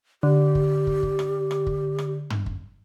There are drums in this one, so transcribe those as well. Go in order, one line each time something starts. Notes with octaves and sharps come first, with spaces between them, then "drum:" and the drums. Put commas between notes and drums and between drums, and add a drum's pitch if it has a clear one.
D3 G4
drum: kick
drum: kick
drum: kick
drum: rim click
drum: rim click
drum: kick
drum: rim click
drum: tom
drum: kick